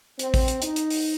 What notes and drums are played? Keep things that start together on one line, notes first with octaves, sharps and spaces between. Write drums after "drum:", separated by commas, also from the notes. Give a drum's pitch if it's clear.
C4, drum: hi-hat
drum: kick, open hi-hat
drum: hi-hat
D#4, drum: hi-hat
drum: hi-hat
drum: open hi-hat